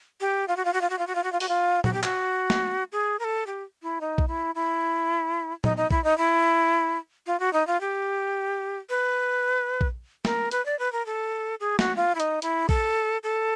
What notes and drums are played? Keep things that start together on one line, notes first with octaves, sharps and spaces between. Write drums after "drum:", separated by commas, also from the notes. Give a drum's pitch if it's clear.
G4
F4
F#4
F4
F#4
F4
F#4
F4
F#4
F4
F#4
F4
F#4, drum: open hi-hat
F4
F#4, drum: tom A#2
G4
F#4, drum: clap
drum: snare
G#4
A#4
A4
G4
E4
D#4
drum: kick A#1
E4
E4
D#4, drum: tom A#2
D#4
E4, drum: kick A#1
D#4
E4
F4
F#4
D#4
F4
G4
B4
drum: kick A#1
A#4, drum: snare
B4, drum: hi-hat
D5
B4
A#4
A4
G#4
F#4, drum: snare
F4
E4
D#4, drum: hi-hat
E4, drum: hi-hat
A4, drum: kick A#1
A4